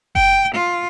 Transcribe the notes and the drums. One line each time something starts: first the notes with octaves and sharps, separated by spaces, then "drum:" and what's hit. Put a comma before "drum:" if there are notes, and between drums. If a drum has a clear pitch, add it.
G5, drum: kick F#1
F4